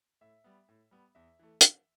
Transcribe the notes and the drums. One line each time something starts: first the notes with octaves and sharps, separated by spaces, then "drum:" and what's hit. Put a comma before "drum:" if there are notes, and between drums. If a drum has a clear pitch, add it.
A2 E5
G3 B3
A2
G3 B3
E2 E5
E3 A3
drum: hi-hat